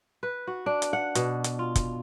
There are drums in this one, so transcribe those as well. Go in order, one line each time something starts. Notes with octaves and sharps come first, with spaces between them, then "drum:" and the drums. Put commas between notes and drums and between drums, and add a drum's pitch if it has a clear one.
B4
F#4
D4
drum: hi-hat
F#5
B2, drum: hi-hat
drum: hi-hat
F4
drum: kick, hi-hat